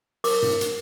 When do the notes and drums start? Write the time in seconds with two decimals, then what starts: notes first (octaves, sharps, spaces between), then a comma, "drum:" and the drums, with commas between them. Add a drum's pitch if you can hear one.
0.24 A#4 D6, drum: open hi-hat
0.42 drum: tom G2
0.61 drum: hi-hat